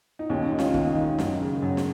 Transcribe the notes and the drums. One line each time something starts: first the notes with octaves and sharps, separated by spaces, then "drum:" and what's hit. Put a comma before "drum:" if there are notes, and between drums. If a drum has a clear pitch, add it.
D#4
D#2 C#4
D#4
D#3
C#4 F4, drum: snare
D#2 D#4, drum: kick
D#3
F#2, drum: snare
C#3
F#2
drum: snare